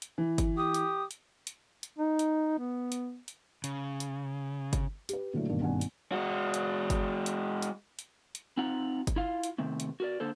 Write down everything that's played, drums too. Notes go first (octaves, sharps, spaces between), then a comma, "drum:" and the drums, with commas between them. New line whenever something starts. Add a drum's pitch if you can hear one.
drum: hi-hat
E3
drum: kick G1, hi-hat
G4 D#6
drum: hi-hat
drum: hi-hat
drum: hi-hat
drum: hi-hat
D#4
drum: hi-hat
B3
drum: hi-hat
drum: hi-hat
C#3, drum: hi-hat
drum: hi-hat
drum: kick G1, hi-hat
G4 B4, drum: hi-hat
A#2 D3 F#3 A3 E4
G2 B2 D#3 A#3
G#1 G2 B2 A#3 F#5 G#5
drum: hi-hat
G#3 F#4
drum: hi-hat
drum: kick G1, hi-hat
drum: hi-hat
drum: hi-hat
drum: hi-hat
drum: hi-hat
C4 D#4 F4 F#5 A#5
drum: kick G1, hi-hat
E4 F4 F5
drum: hi-hat
C3 D#3 A3 C4
drum: hi-hat
F#4 A#4 D5
D3 A#3 A4 C5